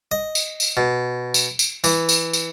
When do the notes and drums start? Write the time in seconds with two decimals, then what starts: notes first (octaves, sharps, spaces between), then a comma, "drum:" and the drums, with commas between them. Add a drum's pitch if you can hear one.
0.12 D#5
0.35 drum: tambourine
0.60 drum: tambourine
0.77 B2
1.34 drum: tambourine
1.59 drum: tambourine
1.84 E3, drum: tambourine
2.09 drum: tambourine
2.33 drum: tambourine